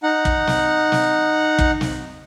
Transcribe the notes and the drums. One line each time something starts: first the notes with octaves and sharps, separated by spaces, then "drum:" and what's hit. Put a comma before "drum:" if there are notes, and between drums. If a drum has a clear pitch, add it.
D#4 F#5
drum: kick
drum: snare
drum: snare
drum: kick
drum: snare